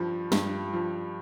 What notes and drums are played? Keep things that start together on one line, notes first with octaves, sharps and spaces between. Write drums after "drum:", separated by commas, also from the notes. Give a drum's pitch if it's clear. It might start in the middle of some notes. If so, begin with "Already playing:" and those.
Already playing: G2 F3
G2, drum: snare
F3